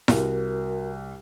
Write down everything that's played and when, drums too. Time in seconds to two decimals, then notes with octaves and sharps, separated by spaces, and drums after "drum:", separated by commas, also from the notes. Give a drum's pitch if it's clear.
0.08 C2 F#4 A#4, drum: snare E4